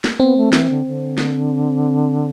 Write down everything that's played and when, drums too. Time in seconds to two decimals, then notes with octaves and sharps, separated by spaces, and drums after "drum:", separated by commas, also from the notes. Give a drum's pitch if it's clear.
0.04 drum: snare
0.19 B3 C4
0.37 A3
0.53 E3, drum: snare
0.70 D3
0.87 D3
1.18 drum: snare